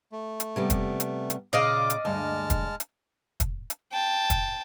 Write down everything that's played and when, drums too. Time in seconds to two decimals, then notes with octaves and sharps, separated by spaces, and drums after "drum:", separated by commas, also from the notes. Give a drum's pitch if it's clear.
0.12 A3
0.40 drum: hi-hat
0.56 C3 G3 B3
0.70 drum: kick, hi-hat
1.00 drum: hi-hat
1.30 drum: hi-hat
1.53 A#2 C#3 D5 D#5 F5 D6
1.90 drum: hi-hat
2.05 D2 G2 G#3 A5 F6
2.50 drum: kick, hi-hat
2.80 drum: hi-hat
3.40 drum: kick, hi-hat
3.70 drum: hi-hat
3.92 G5 A5
4.30 drum: kick, hi-hat